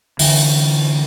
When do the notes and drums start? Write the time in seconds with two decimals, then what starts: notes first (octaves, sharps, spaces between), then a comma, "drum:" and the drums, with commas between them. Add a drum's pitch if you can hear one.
0.19 D3 E3, drum: open hi-hat